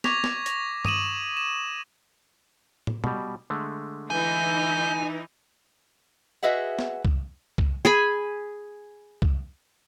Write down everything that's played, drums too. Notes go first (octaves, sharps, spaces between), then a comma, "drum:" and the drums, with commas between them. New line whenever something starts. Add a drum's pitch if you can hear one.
C#6 D6 G#6 A#6 B6 F7, drum: snare
drum: snare
A#6 F7, drum: hi-hat
D#6 D#7 E7 F#7, drum: tom G2
E7
drum: tom
B2 G3, drum: tom B2
D3 G#3 A3
E3 D#4 G#5 G6
F#4 G#4 B4 D#5 E5 F#5
drum: snare
drum: kick C2
drum: kick C2
G#4 G#5 B5
drum: kick C2